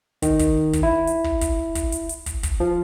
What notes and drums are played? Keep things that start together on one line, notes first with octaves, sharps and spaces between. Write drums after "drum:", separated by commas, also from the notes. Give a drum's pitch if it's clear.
D#3, drum: kick, hi-hat
drum: kick, hi-hat
drum: kick, hi-hat
E4
drum: hi-hat
drum: kick
drum: kick, hi-hat
drum: kick, hi-hat
drum: hi-hat
drum: hi-hat
drum: kick, hi-hat
drum: kick, hi-hat
F3